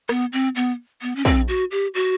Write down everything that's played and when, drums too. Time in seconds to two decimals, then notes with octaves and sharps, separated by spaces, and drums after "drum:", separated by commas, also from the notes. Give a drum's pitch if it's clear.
0.09 B3, drum: rim click
0.33 C4
0.56 B3
1.02 B3
1.16 C#4
1.25 C4, drum: kick
1.48 F#4
1.71 G4
1.95 F#4